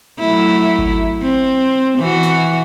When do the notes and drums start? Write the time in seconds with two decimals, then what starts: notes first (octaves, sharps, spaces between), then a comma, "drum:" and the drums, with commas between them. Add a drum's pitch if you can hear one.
0.19 F#3 A3 E4
0.79 drum: kick G#1
1.22 C4
1.99 E3 F#4
2.23 drum: snare